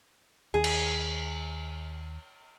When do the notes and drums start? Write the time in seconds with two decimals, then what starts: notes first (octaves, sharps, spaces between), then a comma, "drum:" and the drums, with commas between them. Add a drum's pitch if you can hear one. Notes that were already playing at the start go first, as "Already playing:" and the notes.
0.54 D#2 G#4
0.64 drum: cymbal